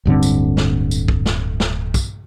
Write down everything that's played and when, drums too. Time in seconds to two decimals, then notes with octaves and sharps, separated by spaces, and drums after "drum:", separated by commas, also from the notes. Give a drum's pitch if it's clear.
0.05 D1 G2 D3 C4
0.23 drum: tambourine
0.57 drum: snare
0.91 drum: tambourine
1.08 drum: kick
1.26 drum: snare
1.60 drum: snare
1.94 drum: kick, tambourine